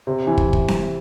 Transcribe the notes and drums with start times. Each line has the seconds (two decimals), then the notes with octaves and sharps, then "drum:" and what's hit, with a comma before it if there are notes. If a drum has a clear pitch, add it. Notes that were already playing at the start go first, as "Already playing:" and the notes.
0.07 C3
0.27 E3
0.38 drum: kick
0.53 drum: kick
0.68 drum: snare C4